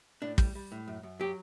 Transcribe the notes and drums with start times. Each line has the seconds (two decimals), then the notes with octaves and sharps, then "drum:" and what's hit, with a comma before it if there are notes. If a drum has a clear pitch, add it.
0.22 A2 D4
0.38 G3, drum: kick
0.55 G3
0.72 A2
0.88 F#2
1.03 F#2
1.20 F#3 G4